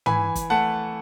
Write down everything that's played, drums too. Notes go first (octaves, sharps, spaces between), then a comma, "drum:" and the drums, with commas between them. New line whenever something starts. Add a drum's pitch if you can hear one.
E3 G#5 B5, drum: tom
drum: kick, hi-hat
A3 F#5 A5